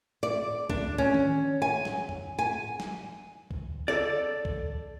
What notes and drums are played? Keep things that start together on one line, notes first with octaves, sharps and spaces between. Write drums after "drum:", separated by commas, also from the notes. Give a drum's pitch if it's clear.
D5
D4, drum: kick
C#4
drum: tom D#3
G#5
drum: snare
drum: tom F2
G#5
drum: snare
drum: kick
A4 D5
drum: kick